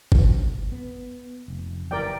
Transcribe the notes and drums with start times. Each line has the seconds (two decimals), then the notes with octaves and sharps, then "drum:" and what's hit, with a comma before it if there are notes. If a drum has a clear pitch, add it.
0.12 drum: kick G1
0.72 B3
1.48 F1
1.91 F#1 E3 A#4 D5 G5